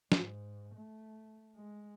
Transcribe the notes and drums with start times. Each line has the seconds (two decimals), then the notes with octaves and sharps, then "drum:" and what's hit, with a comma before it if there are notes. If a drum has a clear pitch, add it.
0.12 G#2, drum: snare
0.75 A3
1.55 G#3